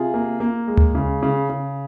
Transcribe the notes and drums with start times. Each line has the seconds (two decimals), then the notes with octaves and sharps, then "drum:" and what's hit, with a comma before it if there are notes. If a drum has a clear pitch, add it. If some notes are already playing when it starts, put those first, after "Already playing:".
Already playing: C3 F4 G#4
0.14 A#3
0.40 A#3
0.68 G#3
0.77 drum: tom D2
0.95 C#3
1.23 C#3
1.49 C#3